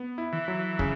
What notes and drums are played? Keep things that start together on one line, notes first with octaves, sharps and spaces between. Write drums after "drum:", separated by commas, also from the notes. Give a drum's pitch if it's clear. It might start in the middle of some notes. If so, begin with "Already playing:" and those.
Already playing: B3
E4
E3
F#3
C#3, drum: kick